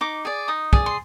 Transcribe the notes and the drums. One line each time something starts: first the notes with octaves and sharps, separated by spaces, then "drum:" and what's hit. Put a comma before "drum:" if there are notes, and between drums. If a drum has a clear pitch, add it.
D#4 D6
G#4 D5
D#4 D#6
G#4 D5, drum: kick
C6